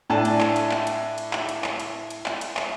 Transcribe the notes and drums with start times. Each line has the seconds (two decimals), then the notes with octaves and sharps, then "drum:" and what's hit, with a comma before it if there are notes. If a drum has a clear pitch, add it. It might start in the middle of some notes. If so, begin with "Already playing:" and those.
0.10 A2 D4 G#5 A5
0.25 drum: cymbal
0.41 drum: clap
0.56 drum: cymbal
0.71 drum: clap
0.87 drum: cymbal
1.18 drum: cymbal
1.33 drum: clap
1.49 drum: cymbal
1.64 drum: clap
1.80 drum: cymbal
2.10 drum: cymbal
2.26 drum: clap
2.41 drum: cymbal
2.57 drum: clap